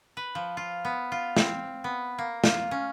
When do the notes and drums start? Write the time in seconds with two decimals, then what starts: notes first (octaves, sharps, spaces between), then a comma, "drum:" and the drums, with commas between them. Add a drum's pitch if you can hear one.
0.17 B4
0.35 F3
0.57 F4
0.85 B3
1.12 F4
1.37 C4, drum: snare
1.84 B3
2.18 A#3
2.44 F4, drum: snare
2.71 C#4